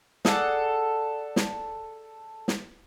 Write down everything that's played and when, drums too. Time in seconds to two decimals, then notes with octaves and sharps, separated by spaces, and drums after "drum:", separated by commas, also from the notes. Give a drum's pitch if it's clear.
0.25 G#4 A4 D5 F#5, drum: snare
1.36 drum: snare
2.48 drum: snare